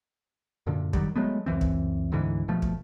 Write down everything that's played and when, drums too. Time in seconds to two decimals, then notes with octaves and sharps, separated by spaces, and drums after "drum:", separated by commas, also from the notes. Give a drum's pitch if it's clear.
0.67 F#2 A#2 D3
0.93 D#3 F#3 G3, drum: kick
1.16 F#3 G#3 A3 B3
1.46 C#2 F#2 E3 C4
1.61 drum: kick
2.12 D2 G#2 D3 E3
2.48 D#1 B2 F3 A3
2.62 drum: kick